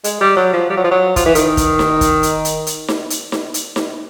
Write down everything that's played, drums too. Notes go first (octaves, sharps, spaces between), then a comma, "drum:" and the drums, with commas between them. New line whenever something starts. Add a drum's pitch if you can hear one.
G#3, drum: hi-hat
G3
F#3
F3
G3
F#3
F3
F#3
F3, drum: kick, hi-hat
E3
D#3, drum: hi-hat
drum: kick, hi-hat
drum: snare D#4
drum: kick, hi-hat
drum: hi-hat
drum: hi-hat
drum: hi-hat
drum: snare D#4
drum: hi-hat
drum: snare D#4
drum: hi-hat
drum: snare D#4